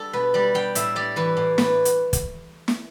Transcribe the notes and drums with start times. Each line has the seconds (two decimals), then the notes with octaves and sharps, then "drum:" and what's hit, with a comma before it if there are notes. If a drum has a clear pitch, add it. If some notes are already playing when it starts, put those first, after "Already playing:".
Already playing: G3 G4 A4 D5
0.13 B2 B4
0.34 G3 D5
0.54 G3 G5
0.75 A2 E5, drum: hi-hat
0.96 G3 D5
1.16 E3 B4
1.37 A2
1.58 A2 B4, drum: snare
1.85 drum: hi-hat
2.13 drum: kick, hi-hat
2.68 drum: snare